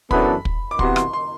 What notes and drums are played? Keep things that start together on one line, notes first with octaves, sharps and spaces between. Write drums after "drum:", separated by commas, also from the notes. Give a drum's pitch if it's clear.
F#2 E3 B3 D4 A4 B5, drum: kick
drum: kick
D6
C3 E3 B3 F#4 C6, drum: kick
C6, drum: rim click
C6